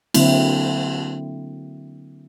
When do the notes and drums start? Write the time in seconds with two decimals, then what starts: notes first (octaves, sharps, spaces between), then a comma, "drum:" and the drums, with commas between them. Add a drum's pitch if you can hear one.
0.14 D3 F#3 A#3 C4 E4, drum: cymbal